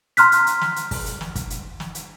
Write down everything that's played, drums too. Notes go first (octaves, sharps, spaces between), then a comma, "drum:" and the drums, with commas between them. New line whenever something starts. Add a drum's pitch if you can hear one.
A#5 C6 F6 F#6 B6, drum: hi-hat
drum: hi-hat
drum: hi-hat
drum: snare
drum: hi-hat
drum: kick, open hi-hat
drum: hi-hat
drum: snare
drum: kick, hi-hat
drum: hi-hat
drum: snare
drum: hi-hat